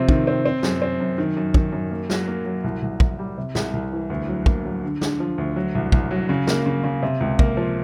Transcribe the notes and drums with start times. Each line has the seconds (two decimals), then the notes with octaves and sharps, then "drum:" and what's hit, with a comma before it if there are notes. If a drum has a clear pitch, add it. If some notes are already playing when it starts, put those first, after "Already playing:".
Already playing: C3 F3 C4
0.09 D#3, drum: kick
0.27 C4
0.46 C4
0.63 F#2, drum: snare
0.82 C4
1.00 F#2
1.18 D#3
1.37 F#2
1.54 D#3, drum: kick
1.72 F#2
1.91 A#3
2.10 F#3, drum: snare
2.28 A#3
2.46 F#3
2.64 C2
2.82 C2
3.00 C2, drum: kick
3.19 G3
3.38 C3
3.55 C2, drum: snare
3.73 C2
3.92 E3
4.10 D2
4.28 F#3
4.46 A#3, drum: kick
4.65 F#3
4.84 D3
5.01 D3, drum: snare
5.20 F3
5.38 D2
5.56 F#3
5.75 C2
5.92 C2, drum: kick
6.11 F#3
6.29 C#3
6.47 A#3, drum: snare
6.66 C#3
6.84 C#3
7.03 C3
7.21 C#2
7.39 A#3, drum: kick
7.57 F3